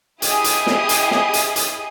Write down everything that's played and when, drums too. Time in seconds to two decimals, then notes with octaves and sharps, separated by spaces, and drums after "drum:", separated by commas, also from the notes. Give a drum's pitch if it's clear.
0.22 E4 G4 G#4 D#5 G#5 D#6, drum: hi-hat
0.44 drum: hi-hat
0.67 drum: snare
0.89 drum: hi-hat
1.11 drum: snare
1.33 drum: hi-hat
1.56 drum: hi-hat